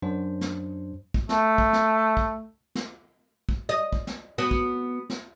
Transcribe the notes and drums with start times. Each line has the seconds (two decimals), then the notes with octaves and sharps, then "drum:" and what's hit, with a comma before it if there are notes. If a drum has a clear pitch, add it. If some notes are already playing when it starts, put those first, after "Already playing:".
0.02 F#2 D4 C5
0.41 drum: snare
1.14 drum: kick
1.29 A3, drum: snare
1.58 drum: kick
1.73 drum: snare
2.17 drum: kick
2.75 drum: snare
3.49 drum: kick
3.69 D#5
3.93 drum: kick
4.07 drum: snare
4.38 B3 F#4
4.51 drum: kick
5.10 drum: snare